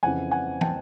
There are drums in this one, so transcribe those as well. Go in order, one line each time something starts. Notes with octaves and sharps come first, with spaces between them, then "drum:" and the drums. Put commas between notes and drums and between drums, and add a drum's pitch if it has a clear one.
F2 C#3 E3 F#5 G#5
F#5 G#5
G5 A5, drum: tom